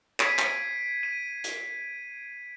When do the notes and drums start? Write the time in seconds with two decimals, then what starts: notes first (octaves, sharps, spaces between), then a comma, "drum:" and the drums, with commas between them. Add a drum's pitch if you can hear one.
0.20 G#6 B6 C7 D7 D#7, drum: clap
0.39 drum: clap
1.03 D#7
1.44 drum: hi-hat